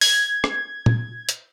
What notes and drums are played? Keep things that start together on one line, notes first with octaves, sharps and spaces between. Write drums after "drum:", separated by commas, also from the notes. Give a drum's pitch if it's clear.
G#6, drum: open hi-hat
drum: rim click
drum: tom A#2
drum: hi-hat